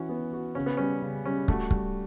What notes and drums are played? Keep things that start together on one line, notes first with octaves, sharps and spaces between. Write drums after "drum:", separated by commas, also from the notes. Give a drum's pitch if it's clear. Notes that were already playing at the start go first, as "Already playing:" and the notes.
Already playing: E3 C#4 F#4
B3
F#4
C#3 C#4
B3
G3 C#4
C#3
G3 C#4
A3 F#4, drum: kick
G3, drum: kick